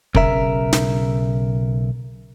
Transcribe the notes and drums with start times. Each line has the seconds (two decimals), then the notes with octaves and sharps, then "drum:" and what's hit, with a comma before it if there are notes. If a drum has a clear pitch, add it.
0.15 B1 C#3 A#4 E5, drum: kick
0.73 drum: snare